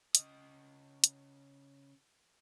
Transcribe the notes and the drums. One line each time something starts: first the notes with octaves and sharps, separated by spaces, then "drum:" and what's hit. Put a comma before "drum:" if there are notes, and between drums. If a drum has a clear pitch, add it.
C#3 D#5, drum: hi-hat
drum: hi-hat